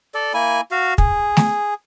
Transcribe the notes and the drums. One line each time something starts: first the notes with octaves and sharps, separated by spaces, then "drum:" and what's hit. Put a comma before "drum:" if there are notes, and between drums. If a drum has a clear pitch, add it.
A4 D5
A#3 E4 G#5
F#4 F5
G#4, drum: kick
drum: snare A3